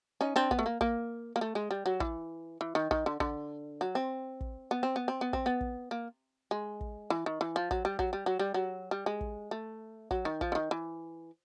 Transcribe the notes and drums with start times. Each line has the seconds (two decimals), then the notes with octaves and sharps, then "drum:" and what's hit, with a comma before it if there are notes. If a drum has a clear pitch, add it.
0.21 C#4 D#4
0.36 C4 D4
0.51 B3, drum: kick
0.59 A3
0.66 A#3
0.81 A#3, drum: kick
1.36 A#3
1.41 A3
1.55 G#3
1.71 G3
1.86 F#3
2.00 E3, drum: kick
2.61 E3
2.75 D#3
2.91 D#3, drum: kick
3.06 D3
3.20 D3, drum: kick
3.81 F#3
3.95 C4
4.41 drum: kick
4.71 B3
4.83 C4
4.96 B3
5.08 C4
5.21 B3
5.33 C4, drum: kick
5.46 B3
5.61 drum: kick
5.91 A#3
6.51 G#3
6.81 drum: kick
7.10 E3
7.26 D#3
7.41 E3
7.56 F3
7.71 F#3, drum: kick
7.85 G3
7.99 F#3, drum: kick
8.13 G3
8.26 F#3
8.39 G3
8.54 F#3
8.91 G3
9.06 G#3
9.21 drum: kick
9.51 A3
10.11 F#3, drum: kick
10.25 D#3
10.41 F3, drum: kick
10.52 D3
10.55 D#3
10.71 E3